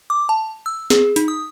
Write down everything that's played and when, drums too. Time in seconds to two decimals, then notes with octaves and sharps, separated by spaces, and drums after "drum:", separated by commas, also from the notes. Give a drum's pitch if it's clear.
0.10 D6
0.29 A5
0.66 E6
0.90 G#4, drum: snare
1.16 D#4, drum: hi-hat
1.28 D#6